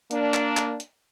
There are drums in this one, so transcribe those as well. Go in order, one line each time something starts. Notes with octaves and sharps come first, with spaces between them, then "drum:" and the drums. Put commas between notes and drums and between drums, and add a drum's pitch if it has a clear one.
A#3 D4, drum: hi-hat
drum: clap
drum: clap
drum: hi-hat